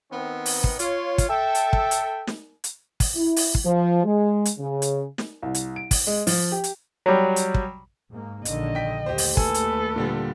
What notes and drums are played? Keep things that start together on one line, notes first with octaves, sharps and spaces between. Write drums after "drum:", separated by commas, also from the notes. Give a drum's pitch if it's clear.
D#3 B3 C4
drum: open hi-hat
drum: kick
F4 C#5, drum: hi-hat
drum: kick, hi-hat
A4 E5 G5
drum: hi-hat
drum: kick
drum: hi-hat
drum: snare
drum: hi-hat
drum: kick, open hi-hat
E4
drum: open hi-hat
drum: kick
F3
G#3
drum: hi-hat
C#3
drum: hi-hat
drum: snare
C2
drum: hi-hat
D7
drum: kick, open hi-hat
G#3
F3, drum: open hi-hat
G4
drum: hi-hat
F#3 G3
drum: hi-hat
drum: kick
G#2 A#3
A#1 D3 D#3 D#5, drum: hi-hat
G5 B6
D#2 A3 G4 C5
drum: open hi-hat
A4 B4 G#5, drum: kick
drum: hi-hat
A#2 D3 G3